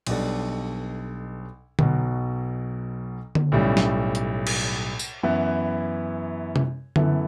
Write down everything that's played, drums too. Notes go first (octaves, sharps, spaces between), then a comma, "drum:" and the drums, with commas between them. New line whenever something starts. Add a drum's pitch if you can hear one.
B1 B2 G3 D4 A4, drum: cymbal
B1 B2 F#3, drum: tom D3
drum: tom D3
B1 A2 G3 C#4
drum: snare
drum: hi-hat
drum: cymbal
drum: tambourine
F#2 E3 B3 E4
drum: tom C3
F#2 E3 B3 E4 A4, drum: tom D3